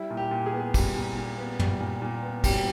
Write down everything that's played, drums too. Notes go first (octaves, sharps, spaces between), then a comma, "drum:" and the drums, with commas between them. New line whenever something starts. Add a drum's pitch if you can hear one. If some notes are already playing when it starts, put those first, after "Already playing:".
Already playing: G3 E4
A#2
G4
A#2
G#4
B3
G3, drum: kick, cymbal
A#2
A#2
B3
G3, drum: tom
A#2
A#2
B3
G3 G4, drum: kick, cymbal